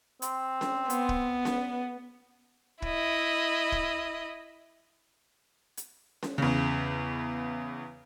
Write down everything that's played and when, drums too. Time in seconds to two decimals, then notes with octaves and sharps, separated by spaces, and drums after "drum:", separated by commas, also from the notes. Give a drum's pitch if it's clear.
0.22 C4, drum: hi-hat
0.61 drum: snare C#4
0.90 B3, drum: hi-hat
1.09 drum: kick
1.45 drum: snare C#4
2.82 E4 D#5, drum: kick
3.72 drum: kick
5.77 drum: hi-hat
6.23 drum: snare C#4
6.38 E2 C#3